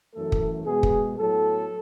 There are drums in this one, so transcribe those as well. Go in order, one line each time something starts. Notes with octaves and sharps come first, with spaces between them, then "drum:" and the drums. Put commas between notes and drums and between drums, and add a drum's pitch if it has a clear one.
F#2 E3 A3 A4
drum: kick
B2 G#3 B3 G#4
drum: kick
A2 F#3 B3 A4